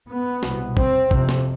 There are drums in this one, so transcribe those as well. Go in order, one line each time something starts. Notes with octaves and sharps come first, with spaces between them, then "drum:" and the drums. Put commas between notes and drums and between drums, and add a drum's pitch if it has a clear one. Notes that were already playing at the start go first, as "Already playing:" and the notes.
B3
C2 B2, drum: snare
C4, drum: kick
F2 C3, drum: kick
drum: snare